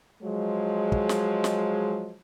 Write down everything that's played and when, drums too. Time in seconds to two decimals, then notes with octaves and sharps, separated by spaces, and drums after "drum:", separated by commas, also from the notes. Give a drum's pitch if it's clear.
0.23 F3 F#3 G#3
0.92 drum: kick
1.09 drum: snare
1.44 drum: snare